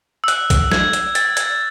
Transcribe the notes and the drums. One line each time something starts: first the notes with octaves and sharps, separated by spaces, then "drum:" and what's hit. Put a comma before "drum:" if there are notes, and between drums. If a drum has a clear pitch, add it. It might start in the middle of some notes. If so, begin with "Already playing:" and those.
E6
F#6, drum: hi-hat
drum: kick C2, hi-hat
G#6, drum: snare
drum: hi-hat
A6, drum: hi-hat
G#6, drum: hi-hat